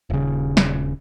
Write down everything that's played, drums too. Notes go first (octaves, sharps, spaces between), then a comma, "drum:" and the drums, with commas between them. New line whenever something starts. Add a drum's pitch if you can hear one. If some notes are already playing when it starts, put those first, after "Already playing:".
D#1 C#3
drum: snare